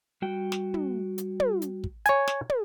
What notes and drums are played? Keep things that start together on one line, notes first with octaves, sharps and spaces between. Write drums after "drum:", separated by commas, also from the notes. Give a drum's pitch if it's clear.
G3 F#4 G5
drum: snare
drum: tom
drum: hi-hat
drum: tom
drum: hi-hat
drum: kick
C#5 G#5, drum: hi-hat
drum: snare
drum: tom